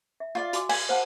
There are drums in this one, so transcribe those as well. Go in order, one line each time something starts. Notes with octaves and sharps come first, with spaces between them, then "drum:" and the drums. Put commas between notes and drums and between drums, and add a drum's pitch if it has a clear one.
E5
F4 D5 F5
F#4 G#5 D6, drum: hi-hat
D5 F5 G#5, drum: cymbal
C5 F5 F#5 A5